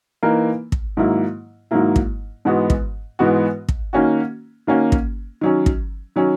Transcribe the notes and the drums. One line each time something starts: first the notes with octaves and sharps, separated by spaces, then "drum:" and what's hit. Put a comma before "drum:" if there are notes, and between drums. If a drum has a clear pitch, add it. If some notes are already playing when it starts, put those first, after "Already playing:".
E3 A#3 D#4 A#4
drum: kick
G#2 D#3 F#3 A#3 E4
G#2 D#3 F#3 A#3 E4
drum: kick
G#2 E3 G#3 B3 F#4
drum: kick
G#2 E3 G#3 B3 F#4
drum: kick
D#3 A#3 C#4 F#4
D#3 A#3 C#4 F#4
drum: kick
D#3 F#3 C#4
drum: kick
D#3 F#3 C#4